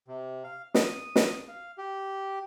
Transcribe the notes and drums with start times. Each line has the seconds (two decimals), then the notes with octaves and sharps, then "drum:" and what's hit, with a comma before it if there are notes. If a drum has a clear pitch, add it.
0.08 C3
0.44 F5
0.74 D#6, drum: snare
1.16 drum: snare
1.48 F5
1.78 G4